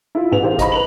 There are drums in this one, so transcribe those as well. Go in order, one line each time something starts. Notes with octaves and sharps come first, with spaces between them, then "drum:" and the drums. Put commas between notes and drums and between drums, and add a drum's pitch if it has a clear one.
E4 F4
A1 E3 B3 E4 G#4 F7
G4 A#4 C5 F5
D#5 A#5 B5, drum: kick A1, hi-hat
B4 F7 F#7